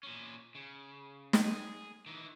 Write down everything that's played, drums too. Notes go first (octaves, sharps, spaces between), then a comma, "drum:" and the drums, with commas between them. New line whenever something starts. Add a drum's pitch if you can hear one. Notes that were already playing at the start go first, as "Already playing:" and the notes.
A#2 C#4
C#3
drum: snare
G#4
D#3 E3